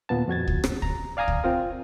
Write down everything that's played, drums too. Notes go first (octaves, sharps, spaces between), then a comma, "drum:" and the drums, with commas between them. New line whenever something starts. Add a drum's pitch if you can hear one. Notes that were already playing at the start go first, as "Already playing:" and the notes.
D#2 A#2 B3 A5
F2 F#4 G#6 A6
drum: kick C#2
drum: rim click
A#5, drum: kick C#2
D5 F5 G#5 A#5 D#6
drum: kick C#2
C4 F4 A#4